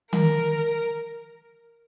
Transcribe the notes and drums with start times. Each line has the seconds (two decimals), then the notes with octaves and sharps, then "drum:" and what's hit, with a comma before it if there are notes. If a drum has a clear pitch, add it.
0.13 A#4, drum: tom D#3